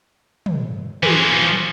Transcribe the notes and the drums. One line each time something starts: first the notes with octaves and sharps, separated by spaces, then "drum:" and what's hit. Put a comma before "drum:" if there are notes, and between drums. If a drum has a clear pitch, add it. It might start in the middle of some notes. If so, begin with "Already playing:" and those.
drum: tom
E3 F3, drum: tom